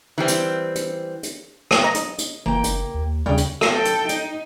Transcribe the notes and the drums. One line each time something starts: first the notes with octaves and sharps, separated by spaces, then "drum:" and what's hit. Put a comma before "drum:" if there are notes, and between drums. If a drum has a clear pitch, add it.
E3 G3 C4
drum: hi-hat
drum: hi-hat
drum: hi-hat
drum: rim click
D#5 A#5 A#6
drum: hi-hat
drum: hi-hat
F#1 E3 A#3 G5
F#1, drum: hi-hat
D#2
D#2 C#3 G3 C#4 D4 G5
drum: hi-hat
drum: rim click
A4 G5
drum: hi-hat
D#4, drum: hi-hat